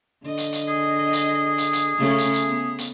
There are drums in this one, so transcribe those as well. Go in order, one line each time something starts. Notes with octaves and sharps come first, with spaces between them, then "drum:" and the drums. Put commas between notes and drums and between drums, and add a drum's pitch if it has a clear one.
D3 D#5
drum: hi-hat
drum: hi-hat
G#4
drum: hi-hat
drum: hi-hat
drum: hi-hat
C#3 A3 C#4
drum: hi-hat
drum: hi-hat
B3
drum: hi-hat